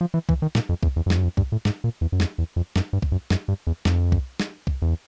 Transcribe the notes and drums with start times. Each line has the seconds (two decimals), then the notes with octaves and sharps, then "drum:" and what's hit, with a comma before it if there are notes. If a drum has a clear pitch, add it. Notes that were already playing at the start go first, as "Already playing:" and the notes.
0.01 F3
0.14 E3
0.29 E3, drum: kick
0.42 D#3
0.55 A#2, drum: snare
0.69 F2
0.83 E2, drum: kick
0.96 E2
1.06 F#2
1.10 F2, drum: snare
1.18 F#2
1.24 F2
1.37 G2, drum: kick
1.52 A2
1.65 G#2, drum: snare
1.84 A#2
2.01 E2
2.12 F#2
2.20 F2, drum: snare
2.38 E2
2.56 F2
2.76 F#2, drum: snare
2.93 G2
3.02 drum: kick
3.12 F#2
3.30 F#2, drum: snare
3.48 G2
3.67 E2
3.85 F2, drum: snare
4.12 drum: kick
4.40 drum: snare
4.67 drum: kick
4.82 E2